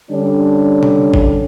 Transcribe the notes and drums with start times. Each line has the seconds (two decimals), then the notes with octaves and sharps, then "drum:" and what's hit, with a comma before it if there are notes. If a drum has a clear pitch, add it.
0.11 D3 G3 C#4 D4
0.83 drum: tom C3
1.14 drum: kick G#1